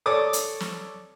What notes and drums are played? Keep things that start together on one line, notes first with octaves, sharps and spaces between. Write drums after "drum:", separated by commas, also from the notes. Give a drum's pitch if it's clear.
A4 C#5 D5 D6 D#6
drum: hi-hat
drum: snare